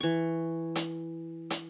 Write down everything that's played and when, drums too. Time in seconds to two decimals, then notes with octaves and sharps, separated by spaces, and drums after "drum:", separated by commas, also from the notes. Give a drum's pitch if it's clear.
0.01 E3 C#6
0.75 drum: hi-hat
1.50 drum: hi-hat